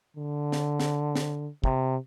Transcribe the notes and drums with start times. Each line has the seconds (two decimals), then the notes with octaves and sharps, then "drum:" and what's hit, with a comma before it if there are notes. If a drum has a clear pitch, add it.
0.17 D3
0.52 drum: snare
0.80 drum: snare
1.15 drum: snare
1.64 C3, drum: kick